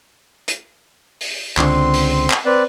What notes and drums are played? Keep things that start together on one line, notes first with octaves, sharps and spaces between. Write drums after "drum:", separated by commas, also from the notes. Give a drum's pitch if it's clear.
drum: hi-hat
drum: open hi-hat
C#2 D3 C4 C6, drum: clap
drum: open hi-hat
drum: clap
C4 B4 D5